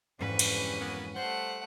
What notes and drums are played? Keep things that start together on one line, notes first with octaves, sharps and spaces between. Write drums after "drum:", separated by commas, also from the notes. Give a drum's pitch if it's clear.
F2 G#2 D3 E3 G3 C#4 B4
drum: cymbal
F#3 A#3 B3
G3 A3 C5 F#5